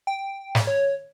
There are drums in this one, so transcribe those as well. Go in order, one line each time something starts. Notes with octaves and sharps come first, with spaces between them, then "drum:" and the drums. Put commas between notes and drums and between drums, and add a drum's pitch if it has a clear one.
G5
drum: snare
C#5